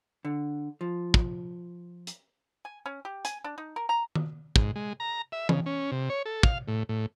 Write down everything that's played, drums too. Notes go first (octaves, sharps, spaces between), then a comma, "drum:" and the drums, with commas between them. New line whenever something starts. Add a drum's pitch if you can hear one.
D3
F3
drum: kick
drum: hi-hat
G#5
C#4
G4
G#5, drum: hi-hat
D4
D#4
A#4
A#5
drum: tom D#3
G#2, drum: kick
G#3
A#5
E5
C#3, drum: tom E3
C#4
C3
C#5
A4
F5, drum: kick
A2
A2